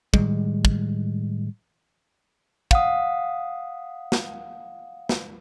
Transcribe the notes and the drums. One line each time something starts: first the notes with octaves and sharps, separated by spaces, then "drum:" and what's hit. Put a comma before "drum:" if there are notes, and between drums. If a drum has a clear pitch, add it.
A2 D#3 G3 G#3, drum: kick
drum: kick
F5 F#5 D#6, drum: kick
drum: snare
drum: snare